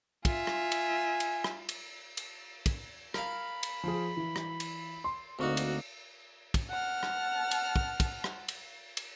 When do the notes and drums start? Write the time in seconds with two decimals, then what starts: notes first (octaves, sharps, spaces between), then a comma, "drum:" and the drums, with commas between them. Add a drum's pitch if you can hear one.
0.25 F4 E5 G#5, drum: kick, cymbal
0.47 drum: rim click
0.72 drum: cymbal
1.20 drum: cymbal
1.44 drum: rim click
1.69 drum: cymbal
2.17 drum: cymbal
2.66 drum: kick, cymbal
3.14 A#4 F5 B5, drum: rim click
3.63 drum: cymbal
3.84 F3 G#4
4.17 E3
4.36 drum: rim click
4.60 drum: cymbal
5.04 C6
5.39 D2 A#3 C4 D#4 F#4 C#6
5.57 drum: cymbal
6.54 drum: kick, cymbal
6.70 F#5 A5 F6
7.03 drum: rim click
7.51 drum: cymbal
7.76 drum: kick
8.00 drum: kick, cymbal
8.24 drum: rim click
8.48 drum: cymbal
8.97 drum: cymbal